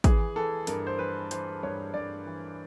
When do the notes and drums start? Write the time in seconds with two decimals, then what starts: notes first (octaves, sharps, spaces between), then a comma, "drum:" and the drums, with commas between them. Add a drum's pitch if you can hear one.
0.04 E3 G#4, drum: kick, hi-hat
0.36 E3 A4
0.67 G2 A#4, drum: hi-hat
0.87 C5
0.99 E3 B4
1.31 E3 C5, drum: hi-hat
1.63 G2 C#5
1.94 G2 D5
2.26 E3